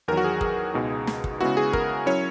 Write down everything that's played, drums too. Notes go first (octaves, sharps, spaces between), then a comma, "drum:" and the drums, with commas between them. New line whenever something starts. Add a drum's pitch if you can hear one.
E2 D#3 F#3 A#4
F#4
G#4
G#4, drum: kick
C#2 B2 G#3 D#4
drum: snare
drum: kick
C#3 G#3 B3 E4 F#4
G#4
A#4, drum: kick
F#3 C#4 E4 C#5